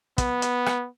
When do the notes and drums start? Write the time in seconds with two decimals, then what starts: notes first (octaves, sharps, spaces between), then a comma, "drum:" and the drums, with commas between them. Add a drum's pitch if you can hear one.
0.18 B3, drum: kick, hi-hat
0.42 drum: hi-hat
0.66 drum: rim click